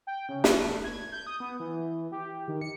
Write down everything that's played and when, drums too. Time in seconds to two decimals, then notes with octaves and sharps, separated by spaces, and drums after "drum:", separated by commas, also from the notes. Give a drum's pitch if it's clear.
0.07 G5
0.29 C#3
0.44 B4, drum: snare
0.57 A3
0.84 G#6
1.12 G6
1.27 D#6
1.40 B3
1.60 E3
2.12 G4
2.48 D#3
2.61 C#7